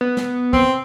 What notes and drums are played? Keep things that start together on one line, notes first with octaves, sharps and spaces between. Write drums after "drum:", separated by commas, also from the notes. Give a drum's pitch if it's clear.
B3
drum: snare
C4, drum: kick